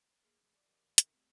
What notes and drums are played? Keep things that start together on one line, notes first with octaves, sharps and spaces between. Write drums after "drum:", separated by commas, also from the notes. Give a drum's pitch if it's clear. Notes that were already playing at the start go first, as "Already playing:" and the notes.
A#3 G#4 A#4
C2 A2 F3 G#4 B4 G#5
D5
D#2 G3 A#4 D5 D#5
C2 D3 E3 G#4 A#4 E5, drum: hi-hat
G3 A3 B3 C4